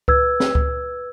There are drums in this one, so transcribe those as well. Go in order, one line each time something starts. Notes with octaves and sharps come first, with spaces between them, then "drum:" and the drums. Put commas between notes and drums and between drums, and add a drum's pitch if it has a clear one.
B4 E6 G#6, drum: kick C#2
drum: snare
drum: kick C#2